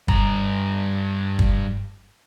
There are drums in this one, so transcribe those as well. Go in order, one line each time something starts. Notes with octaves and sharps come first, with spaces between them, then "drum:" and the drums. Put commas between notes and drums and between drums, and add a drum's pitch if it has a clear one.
G2 A#5, drum: kick
drum: kick